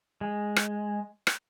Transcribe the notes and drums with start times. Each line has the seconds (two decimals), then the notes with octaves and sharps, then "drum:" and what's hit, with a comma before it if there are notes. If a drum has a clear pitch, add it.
0.21 G#3
0.56 drum: rim click
1.27 drum: rim click